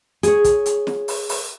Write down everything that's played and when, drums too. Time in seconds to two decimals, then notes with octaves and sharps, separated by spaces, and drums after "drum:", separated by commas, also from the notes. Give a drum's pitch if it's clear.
0.23 G#4 C#5, drum: hi-hat
0.44 drum: kick, hi-hat
0.66 drum: hi-hat
0.87 drum: snare
1.08 drum: open hi-hat
1.29 drum: open hi-hat